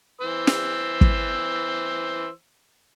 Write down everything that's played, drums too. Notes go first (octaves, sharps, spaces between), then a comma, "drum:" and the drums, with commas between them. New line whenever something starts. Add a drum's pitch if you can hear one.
E3 C5 E6
drum: snare
drum: kick